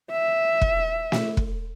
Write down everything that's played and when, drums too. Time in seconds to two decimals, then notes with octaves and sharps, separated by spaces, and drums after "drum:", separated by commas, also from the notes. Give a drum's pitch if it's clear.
0.11 E5
0.61 drum: kick
1.12 drum: snare
1.37 drum: kick